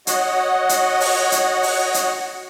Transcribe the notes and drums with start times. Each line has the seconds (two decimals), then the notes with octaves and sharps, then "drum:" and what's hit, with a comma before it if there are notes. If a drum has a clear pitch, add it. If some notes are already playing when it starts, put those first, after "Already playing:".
0.07 F#4 C#5 D#5 F#5, drum: hi-hat
0.69 drum: hi-hat
1.00 drum: open hi-hat
1.32 drum: hi-hat
1.63 drum: open hi-hat
1.94 drum: hi-hat